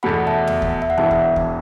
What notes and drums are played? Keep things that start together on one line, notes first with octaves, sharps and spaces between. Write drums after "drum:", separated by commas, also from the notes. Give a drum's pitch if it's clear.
E2 B2 A3 F#5 B5
E5 A5
drum: tom
drum: kick
E5
F#5
E1 E2 E3 E5 A5
drum: kick
drum: kick